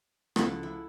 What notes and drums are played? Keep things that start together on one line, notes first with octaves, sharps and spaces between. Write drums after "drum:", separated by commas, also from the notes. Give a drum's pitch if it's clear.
C#2 F3 E4 A4 F#5, drum: rim click
E4